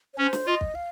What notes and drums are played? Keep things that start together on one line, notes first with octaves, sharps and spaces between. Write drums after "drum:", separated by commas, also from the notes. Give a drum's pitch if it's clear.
C#5
C#4 C5
drum: snare
F4 D#5
drum: kick
F5